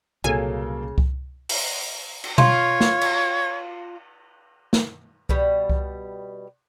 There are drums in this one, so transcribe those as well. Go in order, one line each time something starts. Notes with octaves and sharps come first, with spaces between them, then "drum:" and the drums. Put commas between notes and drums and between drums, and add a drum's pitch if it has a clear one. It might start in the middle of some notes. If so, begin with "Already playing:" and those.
C2 A#2 C#3 F#3 A#3 A4 G#5
drum: kick C2
drum: open hi-hat
drum: cymbal
F4 C#5, drum: tom B2
drum: snare
drum: cymbal
drum: snare
B2 G3, drum: kick C2
drum: kick C2